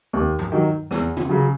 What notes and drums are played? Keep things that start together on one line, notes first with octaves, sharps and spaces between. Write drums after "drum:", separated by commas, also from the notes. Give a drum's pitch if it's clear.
D#2
drum: tom G2
D#3 F#3
E2, drum: rim click
drum: tom
C#3 F#3